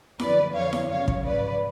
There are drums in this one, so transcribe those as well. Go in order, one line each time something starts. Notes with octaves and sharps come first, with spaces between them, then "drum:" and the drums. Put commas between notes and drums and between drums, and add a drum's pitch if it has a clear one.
F#2 D3 F3 B4 D5, drum: snare E4
F2 D3 F3 C#5 F5
drum: snare E4
F#2 C#3 F3 C#5 F5
drum: kick
G#2 F3 B4 D5